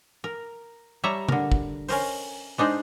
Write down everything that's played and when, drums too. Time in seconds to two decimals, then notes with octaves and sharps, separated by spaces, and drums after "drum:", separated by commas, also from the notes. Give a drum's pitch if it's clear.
0.24 A#4
1.04 G3 C#5 E5 A5 A#5
1.29 D3 A#4, drum: tom
1.52 drum: kick
1.88 C#4 A#4 C5, drum: open hi-hat
2.58 G#3 D4 D#4 C5